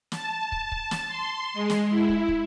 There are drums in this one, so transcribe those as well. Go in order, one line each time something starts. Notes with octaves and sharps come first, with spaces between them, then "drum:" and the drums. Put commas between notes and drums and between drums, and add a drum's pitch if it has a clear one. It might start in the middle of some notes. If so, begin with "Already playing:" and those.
A5, drum: snare
drum: kick
drum: kick
drum: snare
C6
G#3
drum: snare
E4
drum: kick
drum: kick